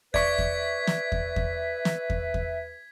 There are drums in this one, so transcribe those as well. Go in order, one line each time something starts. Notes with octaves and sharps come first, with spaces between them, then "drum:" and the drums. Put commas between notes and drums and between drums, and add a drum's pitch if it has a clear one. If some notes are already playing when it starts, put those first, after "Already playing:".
B4 D5 E5 C#6 G#6 B6, drum: kick E2
drum: kick E2
drum: snare
drum: kick E2
drum: kick E2
drum: snare
drum: kick E2
drum: kick E2